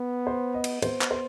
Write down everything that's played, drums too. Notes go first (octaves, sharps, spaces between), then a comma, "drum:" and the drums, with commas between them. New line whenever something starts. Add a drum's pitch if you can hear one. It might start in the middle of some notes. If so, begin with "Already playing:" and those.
Already playing: B3
C5
D#5
drum: cymbal
B3 C5, drum: cymbal
drum: clap
C5